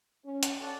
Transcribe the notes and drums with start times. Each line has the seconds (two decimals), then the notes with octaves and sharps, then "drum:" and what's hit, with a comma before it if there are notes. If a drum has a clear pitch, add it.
0.25 C#4
0.43 drum: hi-hat
0.60 F#4 A4 D5 F#5 A5